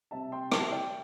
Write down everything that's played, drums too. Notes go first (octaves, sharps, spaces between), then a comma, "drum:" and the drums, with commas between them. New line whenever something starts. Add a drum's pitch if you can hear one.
C3 G3 C4 E5 A5
G5 C6
E5 A5, drum: rim click
D5 G5